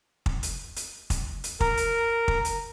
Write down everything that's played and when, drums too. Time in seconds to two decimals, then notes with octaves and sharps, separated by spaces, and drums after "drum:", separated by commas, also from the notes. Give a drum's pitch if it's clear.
0.26 drum: kick
0.43 drum: hi-hat
0.76 drum: hi-hat
1.10 drum: kick, hi-hat
1.44 drum: hi-hat
1.61 A#4, drum: kick
1.77 drum: hi-hat
2.28 drum: kick
2.45 drum: hi-hat